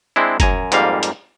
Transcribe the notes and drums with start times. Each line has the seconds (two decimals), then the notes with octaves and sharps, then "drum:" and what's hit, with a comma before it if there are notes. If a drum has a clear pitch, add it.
0.16 G#3 C4 D4 E4
0.40 F#2 G#5 A#5, drum: kick, hi-hat
0.72 F2 G#2 G3 A#3 F5, drum: hi-hat
1.03 drum: hi-hat